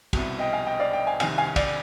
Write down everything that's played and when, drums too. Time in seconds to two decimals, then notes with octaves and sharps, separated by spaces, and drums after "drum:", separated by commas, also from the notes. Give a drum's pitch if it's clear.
0.13 C2 B2, drum: kick, cymbal
0.39 D#5 G5
0.53 F5 G#5
0.66 D#5 G5
0.80 D5 F5
0.93 D#5 G5
1.07 F5 G#5
1.20 C2 C3 D#3 F5 G#5, drum: cymbal
1.38 F5 G#5
1.56 D5 F5, drum: kick, cymbal